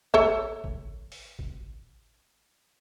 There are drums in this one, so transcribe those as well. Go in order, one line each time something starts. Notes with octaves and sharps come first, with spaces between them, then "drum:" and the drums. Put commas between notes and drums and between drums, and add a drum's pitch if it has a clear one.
A4 C#5 E5, drum: kick A1
drum: kick A1
drum: open hi-hat
drum: kick A1